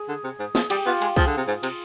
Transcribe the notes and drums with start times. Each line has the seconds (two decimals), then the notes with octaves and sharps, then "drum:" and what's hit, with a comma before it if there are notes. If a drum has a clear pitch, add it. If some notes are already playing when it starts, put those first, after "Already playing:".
Already playing: G#4
0.09 D3
0.24 C3
0.40 G#2
0.55 F3 G#4, drum: snare
0.70 G3 G4, drum: cymbal
0.86 B3 F4
1.02 G#3, drum: cymbal
1.16 F3 G#4, drum: kick C2
1.27 D3
1.37 C3
1.48 G#2
1.63 C3, drum: cymbal